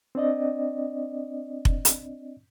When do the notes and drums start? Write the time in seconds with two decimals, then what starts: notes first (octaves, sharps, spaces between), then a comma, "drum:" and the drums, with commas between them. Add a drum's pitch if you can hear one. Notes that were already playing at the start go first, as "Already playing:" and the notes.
0.15 C4 D4 D5 D#5
1.65 drum: kick F1
1.85 drum: hi-hat